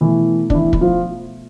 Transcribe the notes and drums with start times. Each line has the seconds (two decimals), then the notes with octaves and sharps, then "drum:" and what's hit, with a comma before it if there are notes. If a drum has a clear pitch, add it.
0.01 B2 E3 A3 E4
0.50 D4, drum: kick
0.54 E3 E4
0.73 E4, drum: kick
0.81 F3 F4